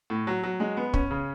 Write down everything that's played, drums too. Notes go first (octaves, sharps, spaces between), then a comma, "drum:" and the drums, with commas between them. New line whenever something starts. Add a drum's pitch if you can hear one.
A2
F#3
F#3
G#3
B3
C#4, drum: kick
C#3